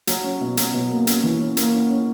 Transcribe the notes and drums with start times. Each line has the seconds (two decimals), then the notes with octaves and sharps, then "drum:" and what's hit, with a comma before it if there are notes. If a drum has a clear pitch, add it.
0.07 F#3, drum: hi-hat
0.23 C#4
0.41 B2
0.57 F#3, drum: hi-hat
0.74 B2
0.90 A#3
1.07 C#4, drum: hi-hat
1.23 E3
1.40 C#4
1.57 A#3, drum: hi-hat
1.73 C#4
1.90 C#4